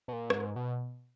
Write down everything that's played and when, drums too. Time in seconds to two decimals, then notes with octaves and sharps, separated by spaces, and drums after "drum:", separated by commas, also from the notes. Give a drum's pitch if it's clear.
0.08 B2
0.13 A#2
0.30 G2, drum: rim click
0.34 G#2
0.56 B2